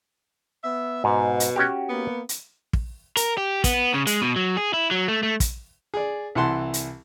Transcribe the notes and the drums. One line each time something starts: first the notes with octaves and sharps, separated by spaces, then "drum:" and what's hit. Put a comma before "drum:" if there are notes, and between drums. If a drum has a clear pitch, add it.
B3 E5
G#2 B2
drum: hi-hat
C#4 F#4 G4
A#3 B3
drum: hi-hat
drum: kick
A#4, drum: hi-hat
G4
B3, drum: kick, hi-hat
C#3
G#3, drum: hi-hat
B2
F#3
G#4
E4
F#3
A3
A3
drum: kick, hi-hat
G#4 D5
C2 E3 E4 F#5 A5 C6
drum: hi-hat